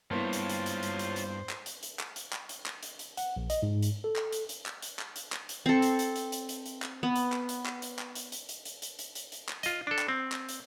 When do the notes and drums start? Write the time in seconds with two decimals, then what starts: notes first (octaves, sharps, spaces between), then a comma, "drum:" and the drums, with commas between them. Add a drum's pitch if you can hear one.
0.11 G2 A#3 B3 E4 F4 C5 C#5
0.33 drum: hi-hat
0.49 drum: hi-hat
0.66 drum: hi-hat
0.83 drum: hi-hat
0.99 drum: hi-hat
1.16 drum: hi-hat
1.49 drum: clap
1.66 drum: hi-hat
1.83 drum: hi-hat
1.99 drum: clap
2.16 drum: hi-hat
2.33 drum: clap
2.49 drum: hi-hat
2.66 drum: clap
2.83 drum: hi-hat
2.99 drum: hi-hat
3.17 F#5, drum: hi-hat
3.36 A#1
3.50 D#5, drum: hi-hat
3.63 G#2
3.83 drum: hi-hat
4.04 A4
4.16 drum: clap
4.32 drum: hi-hat
4.49 drum: hi-hat
4.66 drum: clap
4.82 drum: hi-hat
4.99 drum: clap
5.16 drum: hi-hat
5.32 drum: clap
5.49 drum: hi-hat
5.66 C4 A4
5.82 drum: hi-hat
5.99 drum: hi-hat
6.16 drum: hi-hat
6.32 drum: hi-hat
6.49 drum: hi-hat
6.66 drum: hi-hat
6.82 drum: clap
7.03 B3
7.16 drum: hi-hat
7.32 drum: clap
7.49 drum: hi-hat
7.66 drum: clap
7.82 drum: hi-hat
7.99 drum: clap
8.15 drum: hi-hat
8.32 drum: hi-hat
8.49 drum: hi-hat
8.65 drum: hi-hat
8.82 drum: hi-hat
8.99 drum: hi-hat
9.15 drum: hi-hat
9.32 drum: hi-hat
9.49 drum: clap
9.63 F4 D#5, drum: hi-hat
9.87 D4 A4
9.99 drum: clap
10.08 C4
10.32 drum: clap
10.49 drum: hi-hat